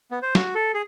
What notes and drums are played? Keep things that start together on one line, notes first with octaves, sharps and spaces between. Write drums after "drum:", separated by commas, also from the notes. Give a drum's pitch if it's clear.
B3
C5
F#4, drum: snare
A4
G#4